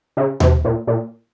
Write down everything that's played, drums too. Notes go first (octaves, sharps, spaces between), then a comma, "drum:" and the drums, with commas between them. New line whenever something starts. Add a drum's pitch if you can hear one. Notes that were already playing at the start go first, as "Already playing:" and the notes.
C#3
C3, drum: tom D#2
A#2
A#2